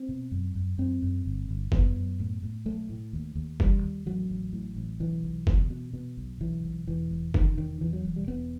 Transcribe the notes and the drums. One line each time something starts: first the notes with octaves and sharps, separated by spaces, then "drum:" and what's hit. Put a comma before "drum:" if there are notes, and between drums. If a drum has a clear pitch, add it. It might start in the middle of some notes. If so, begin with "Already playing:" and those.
Already playing: C4
B2
F#2
F#2
F#2 C4
F#2
G1
G1
F#2 B3, drum: kick
F#2
A2
A2
B1 A3
A2
D#2
D#2
E1 G3, drum: kick
D#2
A1 F#3
A1
A2
A1
B1 E3
B1
B2, drum: kick
B2
B2
B1
B1 E3
B1
E1 E3
E1
E1 D#3, drum: kick
E1 D#3
E2 E3
F#3
E1
G3
E1 B3